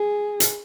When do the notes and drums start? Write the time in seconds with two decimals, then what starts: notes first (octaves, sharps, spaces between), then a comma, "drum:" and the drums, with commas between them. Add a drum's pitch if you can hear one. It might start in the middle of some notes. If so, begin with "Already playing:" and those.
Already playing: G#4
0.40 drum: hi-hat